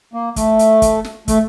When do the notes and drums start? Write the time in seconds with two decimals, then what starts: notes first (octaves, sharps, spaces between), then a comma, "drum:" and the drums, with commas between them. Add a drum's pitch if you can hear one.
0.14 A#3
0.36 A3, drum: kick, hi-hat
0.59 drum: hi-hat
0.82 drum: kick, hi-hat
1.04 drum: snare
1.28 A3, drum: kick, hi-hat